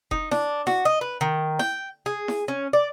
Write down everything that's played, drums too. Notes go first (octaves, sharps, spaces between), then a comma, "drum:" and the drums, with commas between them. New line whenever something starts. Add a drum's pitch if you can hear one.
D#4, drum: kick F1
D4, drum: snare E4
F#4, drum: snare E4
D#5
B4
D#3
G5, drum: snare E4
G#4
drum: snare E4
C#4
D5